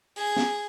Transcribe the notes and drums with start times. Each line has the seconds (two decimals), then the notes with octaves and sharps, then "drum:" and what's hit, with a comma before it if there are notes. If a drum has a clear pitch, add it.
0.16 G#4, drum: open hi-hat
0.37 drum: snare